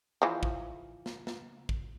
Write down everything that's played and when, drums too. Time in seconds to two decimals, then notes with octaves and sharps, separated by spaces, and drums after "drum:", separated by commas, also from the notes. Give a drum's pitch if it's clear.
0.22 E3 F3
0.43 drum: kick
1.06 drum: snare
1.27 drum: snare
1.69 drum: kick